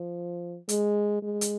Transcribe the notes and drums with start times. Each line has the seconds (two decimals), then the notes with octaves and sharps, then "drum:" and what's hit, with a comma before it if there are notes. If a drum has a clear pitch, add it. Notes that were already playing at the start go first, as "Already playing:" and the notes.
Already playing: F3
0.69 G#3, drum: hi-hat
1.22 G#3
1.41 drum: hi-hat